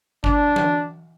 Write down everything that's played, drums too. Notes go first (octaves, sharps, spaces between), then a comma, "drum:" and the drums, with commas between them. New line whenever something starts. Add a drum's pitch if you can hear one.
D4, drum: kick G1
drum: tom E3